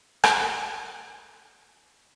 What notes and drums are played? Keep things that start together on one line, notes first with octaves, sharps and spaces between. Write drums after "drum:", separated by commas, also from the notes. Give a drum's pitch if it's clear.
B4 D5 G5 G#5, drum: rim click